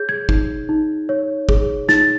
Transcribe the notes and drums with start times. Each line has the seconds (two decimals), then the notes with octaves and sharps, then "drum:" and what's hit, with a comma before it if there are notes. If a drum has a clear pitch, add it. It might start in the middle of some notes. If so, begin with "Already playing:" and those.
Already playing: G#4 C#5 G6
0.09 G#6
0.29 D#4, drum: kick
0.69 D#4
1.09 C#5
1.49 G#4, drum: kick
1.88 D#4 A6, drum: snare